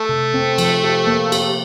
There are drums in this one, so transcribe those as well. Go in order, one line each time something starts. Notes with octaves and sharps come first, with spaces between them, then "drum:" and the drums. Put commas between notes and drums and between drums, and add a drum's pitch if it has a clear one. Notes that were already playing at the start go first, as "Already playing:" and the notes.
Already playing: A3
C3
C4
F3, drum: cymbal
G4
A#3
G4, drum: cymbal